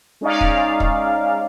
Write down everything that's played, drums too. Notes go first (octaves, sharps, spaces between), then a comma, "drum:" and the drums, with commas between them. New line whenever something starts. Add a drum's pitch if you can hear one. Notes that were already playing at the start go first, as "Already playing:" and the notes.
G#3 C#4 D#4 D5 F5
drum: kick
drum: kick